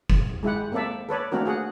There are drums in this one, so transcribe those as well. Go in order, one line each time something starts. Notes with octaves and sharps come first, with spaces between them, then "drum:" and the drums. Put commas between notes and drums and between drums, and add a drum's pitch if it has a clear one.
drum: kick F1
G#3 E4 G4 F#5
A#3 C4 A4 D5 E5
A4 B4 C#5 D5
A3 A#3 C4 D4 F#4 A#4
F#4 G#4 F#5